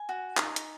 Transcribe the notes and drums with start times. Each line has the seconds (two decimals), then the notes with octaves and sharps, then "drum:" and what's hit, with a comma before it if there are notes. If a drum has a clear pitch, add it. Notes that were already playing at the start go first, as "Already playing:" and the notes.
Already playing: G#5
0.09 F#4
0.37 D#4, drum: clap
0.56 drum: hi-hat